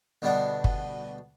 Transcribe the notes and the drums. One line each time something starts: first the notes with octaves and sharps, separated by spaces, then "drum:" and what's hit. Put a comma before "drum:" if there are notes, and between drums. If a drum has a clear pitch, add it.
D2 B2 G3 B3 D4
drum: kick